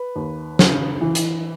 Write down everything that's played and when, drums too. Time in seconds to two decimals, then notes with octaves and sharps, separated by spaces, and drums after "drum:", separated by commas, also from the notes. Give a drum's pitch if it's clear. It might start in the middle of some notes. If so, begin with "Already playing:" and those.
Already playing: B4
0.16 D#2
0.59 C#3, drum: snare
1.01 E3
1.15 drum: hi-hat